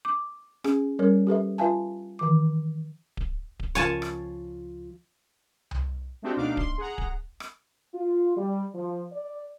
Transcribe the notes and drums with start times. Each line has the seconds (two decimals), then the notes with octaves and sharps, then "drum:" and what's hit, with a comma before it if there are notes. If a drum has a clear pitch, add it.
0.05 D6
0.64 C#4 G#4, drum: rim click
0.99 G3 C#4 A#4 C#5
1.27 G4 A4 B4 E5
1.58 F4 B4 E5 F5 G#5 A5
2.19 D#3 E3 D6
3.17 drum: kick D1
3.60 drum: kick D1
3.75 C#2 F3 F4 C#5 G#5 A5
4.02 drum: rim click
5.71 drum: tom C2
6.22 G#3 A3 C4 D4 F#4 G4
6.37 D2 B2 D4 D#4 F5 D6
6.57 C6, drum: kick D1
6.78 G#4 F#5 A#5
6.98 drum: kick D1
7.40 drum: rim click
7.94 F4
8.37 G3
8.75 F3
9.12 D5